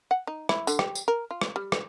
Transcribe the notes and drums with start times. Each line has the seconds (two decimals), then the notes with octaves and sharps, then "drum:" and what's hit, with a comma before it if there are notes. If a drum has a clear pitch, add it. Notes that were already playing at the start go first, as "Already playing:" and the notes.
0.11 F#5
0.27 D#4
0.49 E4, drum: rim click
0.67 D3, drum: tambourine
0.79 G4, drum: rim click
0.95 drum: tambourine
1.08 A#4
1.31 F4
1.41 drum: rim click
1.56 G3
1.72 drum: rim click